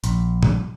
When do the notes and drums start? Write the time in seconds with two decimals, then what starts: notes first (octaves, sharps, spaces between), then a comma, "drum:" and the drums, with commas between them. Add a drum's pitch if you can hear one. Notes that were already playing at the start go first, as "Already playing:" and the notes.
0.04 A#1, drum: hi-hat
0.43 drum: tom B2